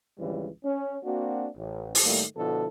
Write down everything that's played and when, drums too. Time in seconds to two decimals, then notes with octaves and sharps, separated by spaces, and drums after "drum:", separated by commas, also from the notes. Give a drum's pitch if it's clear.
0.19 G#1 C#2 C#3 E3 G3
0.65 C#4
1.05 A#3 C4 D4 F#4
1.57 A1
1.95 drum: open hi-hat
2.04 A2 D#3 G3 A3 A#3
2.37 B2 D3 F3 E4 A4